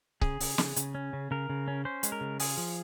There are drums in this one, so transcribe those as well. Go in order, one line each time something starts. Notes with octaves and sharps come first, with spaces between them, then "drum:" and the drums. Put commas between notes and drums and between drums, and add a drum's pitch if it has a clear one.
C#3 G#4, drum: kick C#1
C#3, drum: open hi-hat
C#3, drum: snare
C#3, drum: hi-hat
C#4
C#3
C#3 A#4
C#3
C#4
C#4 C5
G#3, drum: hi-hat
A#4
C#3
F4 G#4, drum: open hi-hat
F3